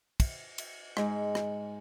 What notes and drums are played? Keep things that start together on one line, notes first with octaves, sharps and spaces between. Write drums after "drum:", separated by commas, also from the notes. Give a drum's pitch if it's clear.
drum: kick, cymbal
drum: cymbal
G#2 G#3, drum: rim click
drum: rim click